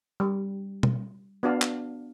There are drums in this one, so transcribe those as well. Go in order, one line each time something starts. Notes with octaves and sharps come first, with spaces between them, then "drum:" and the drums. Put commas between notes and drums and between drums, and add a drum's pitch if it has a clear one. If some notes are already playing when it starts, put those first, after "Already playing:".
G3
drum: tom B2
B3 D4 F#4 D5 F5 A5
drum: clap